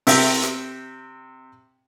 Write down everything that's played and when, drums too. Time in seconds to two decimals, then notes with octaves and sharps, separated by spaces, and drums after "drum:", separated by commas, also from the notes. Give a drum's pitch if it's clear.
0.07 C3 E5 G5, drum: open hi-hat
0.43 drum: rim click